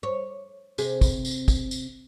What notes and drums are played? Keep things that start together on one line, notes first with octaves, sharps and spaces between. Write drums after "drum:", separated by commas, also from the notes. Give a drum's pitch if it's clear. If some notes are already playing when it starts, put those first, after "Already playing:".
C#5
C3 G#4, drum: tambourine
drum: kick, tambourine
drum: tambourine
drum: kick, tambourine
drum: tambourine